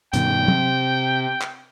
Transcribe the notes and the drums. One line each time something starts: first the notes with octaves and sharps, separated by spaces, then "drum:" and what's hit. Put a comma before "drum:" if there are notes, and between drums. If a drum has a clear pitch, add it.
G2 B2 D#3 G5, drum: hi-hat
C3, drum: tom
drum: clap